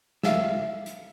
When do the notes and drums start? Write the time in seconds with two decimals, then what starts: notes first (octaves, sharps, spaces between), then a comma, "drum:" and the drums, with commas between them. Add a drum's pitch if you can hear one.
0.23 E5 F5, drum: snare
0.86 drum: hi-hat